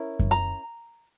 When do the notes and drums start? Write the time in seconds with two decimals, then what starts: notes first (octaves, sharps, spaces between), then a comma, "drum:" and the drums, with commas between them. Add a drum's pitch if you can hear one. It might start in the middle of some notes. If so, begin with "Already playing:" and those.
Already playing: C#4 E4 A#4
0.19 drum: kick F#2
0.31 A#5